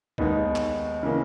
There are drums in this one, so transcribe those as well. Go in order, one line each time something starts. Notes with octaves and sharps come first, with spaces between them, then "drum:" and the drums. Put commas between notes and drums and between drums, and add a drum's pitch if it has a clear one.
D#2 D#3 G#3 B3 D#4, drum: kick B1
drum: clap
C#3 E3 A#3